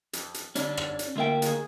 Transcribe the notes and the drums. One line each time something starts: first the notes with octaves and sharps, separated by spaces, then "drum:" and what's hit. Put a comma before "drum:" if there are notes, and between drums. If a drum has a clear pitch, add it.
F2, drum: hi-hat
drum: hi-hat
D3 G3 C#4 D4, drum: hi-hat
drum: rim click
drum: hi-hat
D2 A#3 F4 E5 G5
D#3 G#4, drum: hi-hat